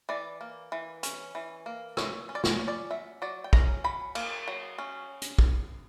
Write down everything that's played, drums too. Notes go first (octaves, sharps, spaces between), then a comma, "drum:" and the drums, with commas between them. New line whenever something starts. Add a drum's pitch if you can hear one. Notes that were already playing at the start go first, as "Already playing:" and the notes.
E3 D5
A#3
E3
C#4, drum: hi-hat
E3
A#3
F#3 C#5, drum: rim click
C#4
D5
C#5, drum: snare
C#4
D5
F#3 E5
F#3 D5
G5
C#4 A#5, drum: kick
F#3 B5
A#3, drum: cymbal
F#3
C#4
drum: hi-hat
drum: kick